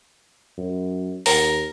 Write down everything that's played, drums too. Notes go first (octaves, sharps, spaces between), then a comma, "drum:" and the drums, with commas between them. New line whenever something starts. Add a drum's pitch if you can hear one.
F#2
D#2 A#4, drum: open hi-hat